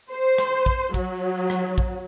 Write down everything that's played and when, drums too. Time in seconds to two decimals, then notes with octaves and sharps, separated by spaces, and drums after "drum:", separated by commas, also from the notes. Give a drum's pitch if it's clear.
0.10 C5
0.38 drum: rim click
0.66 drum: kick
0.94 F#3, drum: kick, hi-hat
1.50 drum: rim click
1.78 drum: kick